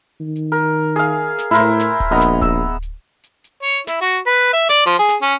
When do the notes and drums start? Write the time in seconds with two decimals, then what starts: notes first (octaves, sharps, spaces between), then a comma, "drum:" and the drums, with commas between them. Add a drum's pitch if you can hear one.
0.20 D#3
0.36 drum: hi-hat
0.52 A#4
0.96 G#4 F5, drum: hi-hat
1.38 drum: snare
1.51 A2 E4 A#4 C5
1.80 drum: snare
2.00 drum: kick D1, hi-hat
2.11 A#1 B3 D#5 A#5
2.21 drum: snare
2.41 E6, drum: kick D1, hi-hat
2.82 drum: hi-hat
3.24 drum: hi-hat
3.44 drum: hi-hat
3.63 C#5, drum: hi-hat
3.87 E4, drum: snare
4.01 F#4
4.26 B4, drum: hi-hat
4.53 E5
4.69 D5, drum: snare
4.86 F3, drum: hi-hat
4.99 G#4
5.09 drum: snare
5.22 C#4